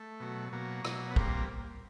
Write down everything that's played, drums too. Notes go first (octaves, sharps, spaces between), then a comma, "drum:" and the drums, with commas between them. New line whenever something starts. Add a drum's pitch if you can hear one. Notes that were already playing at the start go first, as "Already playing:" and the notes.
Already playing: A3
B2 F#3
B2 F#3 A#3
B2 F#3, drum: rim click
B3
A#2 G3 A#3 C4, drum: kick